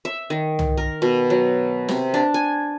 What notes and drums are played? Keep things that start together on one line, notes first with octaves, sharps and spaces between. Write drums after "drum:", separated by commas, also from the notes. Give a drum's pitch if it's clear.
E5
D#3
drum: tom C2
A#4
B2
F#3
C3, drum: snare
D4
G#5